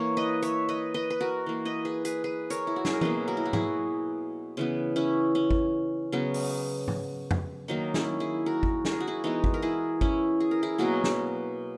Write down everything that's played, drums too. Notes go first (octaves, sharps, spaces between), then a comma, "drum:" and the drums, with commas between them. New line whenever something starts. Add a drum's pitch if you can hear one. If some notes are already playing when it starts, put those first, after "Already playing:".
Already playing: E3 A#3 C#5
B4 D#5
C#5 E5, drum: hi-hat
B4 D#5
B4 D#5
B4
F#4 A#4
E3 A#3
B4 D#5
G#4 B4
G#4 B4, drum: hi-hat
G#4 B4
A#4 C#5, drum: hi-hat
E4
F#4
G#4, drum: snare
A#4
B2 F#3 A#3 G#4 B4, drum: tom
F#4 A#4
E4
F#4
E4 G#4, drum: tom
C#3 E3 B3
C#4 E4
C#4
drum: kick G#1
C#3 F#3 B3
drum: open hi-hat
drum: tom
drum: tom F2
D#3 F#3 A#3 D#4
C#4 E4, drum: snare
E4 G#4
F#4 A#4
drum: kick G#1
A#4, drum: snare
G#4
F#4
E4 G#4
E3 G#3 B3 D#4 F#4
drum: kick G#1
A#4
E4 G#4
C#4 E4, drum: kick G#1
G#4
A#4
E4 G#4
B2 F#3 A#3 F#4 A#4
drum: snare